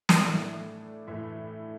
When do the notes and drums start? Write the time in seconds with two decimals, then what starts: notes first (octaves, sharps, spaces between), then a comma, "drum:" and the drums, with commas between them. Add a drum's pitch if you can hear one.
0.09 drum: snare
0.25 A2 E3 A3 D4 D5
1.07 A2 E3 A3 E4 E5